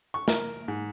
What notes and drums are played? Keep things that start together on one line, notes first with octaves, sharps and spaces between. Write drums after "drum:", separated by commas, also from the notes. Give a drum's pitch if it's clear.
C#6
A#4, drum: snare
G#2